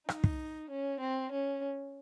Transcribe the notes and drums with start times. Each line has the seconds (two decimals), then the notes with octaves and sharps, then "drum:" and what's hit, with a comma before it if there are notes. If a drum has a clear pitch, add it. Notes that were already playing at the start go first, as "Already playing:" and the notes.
0.09 D#4, drum: rim click
0.24 drum: kick
0.70 C#4
1.00 C4
1.32 C#4